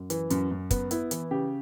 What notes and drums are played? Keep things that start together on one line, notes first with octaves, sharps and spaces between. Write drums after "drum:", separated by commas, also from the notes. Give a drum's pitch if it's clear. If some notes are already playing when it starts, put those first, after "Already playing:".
Already playing: F#2
E3, drum: hi-hat
F#2, drum: hi-hat
F#2
B3, drum: kick, hi-hat
B3 E4, drum: hi-hat
E3, drum: hi-hat
C#3 G4